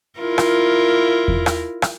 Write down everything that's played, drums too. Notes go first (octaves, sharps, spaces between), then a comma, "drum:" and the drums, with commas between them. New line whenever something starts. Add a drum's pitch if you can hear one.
E4 F4 A#4
drum: rim click
drum: kick E2
drum: rim click
drum: rim click